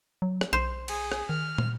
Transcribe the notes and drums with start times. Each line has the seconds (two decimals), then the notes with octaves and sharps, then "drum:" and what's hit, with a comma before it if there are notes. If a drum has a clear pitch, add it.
0.22 F#3
0.41 drum: rim click
0.53 B1 C5
0.88 G#4, drum: cymbal
1.12 drum: rim click
1.29 D#3 F6
1.58 drum: tom